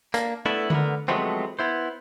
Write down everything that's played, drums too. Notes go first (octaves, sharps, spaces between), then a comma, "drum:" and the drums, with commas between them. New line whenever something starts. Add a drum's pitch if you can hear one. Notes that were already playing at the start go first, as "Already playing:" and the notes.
A#3 D4, drum: hi-hat
A3 B3 D4 E4
D3 B3 A#4, drum: tom D3
F3 F#3 G#3 A3 B3 C4
B3 E4 C5